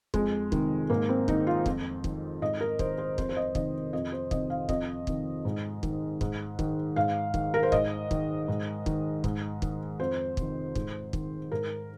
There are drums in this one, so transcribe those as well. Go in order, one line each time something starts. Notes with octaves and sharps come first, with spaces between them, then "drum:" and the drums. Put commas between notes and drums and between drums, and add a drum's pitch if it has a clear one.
F2 G#3, drum: kick
C3 D#3, drum: kick
G#2 A#3
C4
D#3 D#4, drum: kick
F4
F2, drum: kick
D#3, drum: kick
G#2 D#5
A#4
D#3 C5, drum: kick
C5
F2 C5, drum: kick
C5
D#5
C3 D#3 D#5, drum: kick
F2 D#5
C5
C3 D#3 D#5, drum: kick
F5
F2 D#5, drum: kick
C3 D#3, drum: kick
G#2
D#3, drum: kick
G#2, drum: kick
D#3, drum: kick
G#2 F5
D#3, drum: kick
A#4
C5
G#2 D#5, drum: kick
D#3, drum: kick
G#2
D#3, drum: kick
G#2, drum: kick
D#3, drum: kick
F2 C5
C3 D#3, drum: kick
G#2, drum: kick
D#3, drum: kick
G#2 A#4